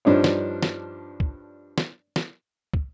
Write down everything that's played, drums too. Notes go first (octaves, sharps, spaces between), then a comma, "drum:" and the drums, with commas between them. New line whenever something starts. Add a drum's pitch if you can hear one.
G2 F3 D4 D#4 C#5
drum: snare
drum: snare
drum: kick
drum: snare
drum: snare
drum: kick